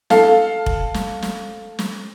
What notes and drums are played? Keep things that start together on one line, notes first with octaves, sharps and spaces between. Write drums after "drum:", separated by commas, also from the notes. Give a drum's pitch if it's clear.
A4 F5, drum: snare
drum: kick F1
drum: snare
drum: snare
drum: snare